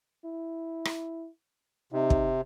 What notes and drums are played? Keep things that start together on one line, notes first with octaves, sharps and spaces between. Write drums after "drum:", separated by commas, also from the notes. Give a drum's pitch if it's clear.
E4
drum: rim click
C3 D#4
drum: kick